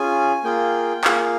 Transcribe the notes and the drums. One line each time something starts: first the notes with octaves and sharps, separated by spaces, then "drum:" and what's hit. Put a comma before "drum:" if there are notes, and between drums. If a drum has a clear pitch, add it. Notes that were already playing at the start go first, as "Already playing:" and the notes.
Already playing: C#4 F4 G#4 G#5
A#3 F4 G#4 G5
A#3 F4 G#4 F5, drum: clap